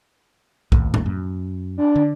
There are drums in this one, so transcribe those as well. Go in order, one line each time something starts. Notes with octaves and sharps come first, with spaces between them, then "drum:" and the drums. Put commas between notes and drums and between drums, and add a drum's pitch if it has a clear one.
G#1 D#2 A2, drum: kick B1
drum: tom A2
F#2
D4
D3